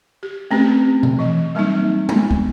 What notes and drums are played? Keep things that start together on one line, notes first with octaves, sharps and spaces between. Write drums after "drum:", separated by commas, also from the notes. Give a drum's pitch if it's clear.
G4
A3 C4 C#4 G4 B4
drum: tom B2
E3 D#5
F#3 G3 A#3 C4 D#4
B3, drum: tom G#3
drum: kick